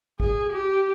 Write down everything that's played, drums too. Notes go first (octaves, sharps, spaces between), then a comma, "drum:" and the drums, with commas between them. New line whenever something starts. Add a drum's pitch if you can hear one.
G#4, drum: kick G#1
G4